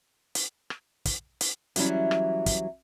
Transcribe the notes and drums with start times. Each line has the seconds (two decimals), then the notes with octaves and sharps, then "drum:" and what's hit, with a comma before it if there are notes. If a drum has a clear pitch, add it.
0.35 drum: hi-hat
0.70 drum: rim click
1.05 drum: kick, hi-hat
1.41 drum: hi-hat
1.76 E3 F#3 G3 C#4 E4, drum: hi-hat
2.11 drum: rim click
2.46 drum: kick, hi-hat